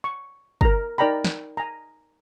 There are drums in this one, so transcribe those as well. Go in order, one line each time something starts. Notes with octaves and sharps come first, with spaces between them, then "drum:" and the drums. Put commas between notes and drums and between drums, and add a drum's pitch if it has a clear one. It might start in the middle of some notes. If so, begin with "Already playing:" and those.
C#6
A#4 A#5, drum: kick G1
D#4 A#4 D5 G5 A#5 B5
drum: snare
G#5 A#5